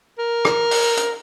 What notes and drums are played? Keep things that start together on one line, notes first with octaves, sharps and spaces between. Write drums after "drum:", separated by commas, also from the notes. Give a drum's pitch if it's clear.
A#4
drum: rim click
drum: open hi-hat
drum: hi-hat